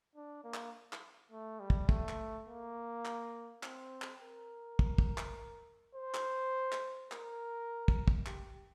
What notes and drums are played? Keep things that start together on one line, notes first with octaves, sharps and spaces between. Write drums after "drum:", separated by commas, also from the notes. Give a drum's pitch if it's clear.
D4
A#3
drum: clap
drum: clap
A3
G3
drum: kick
A3, drum: kick
drum: clap
A#3
drum: clap
C4, drum: clap
drum: clap
A#4
drum: kick
drum: kick
drum: clap
C5
drum: clap
drum: clap
A#4, drum: clap
drum: kick
drum: kick
G4, drum: clap